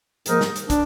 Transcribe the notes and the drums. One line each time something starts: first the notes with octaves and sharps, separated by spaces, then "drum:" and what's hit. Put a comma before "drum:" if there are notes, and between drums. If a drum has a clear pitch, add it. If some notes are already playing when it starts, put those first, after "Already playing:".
G#2 F3 A#3 D#4 A#4, drum: hi-hat
drum: snare
drum: hi-hat
D4, drum: kick, hi-hat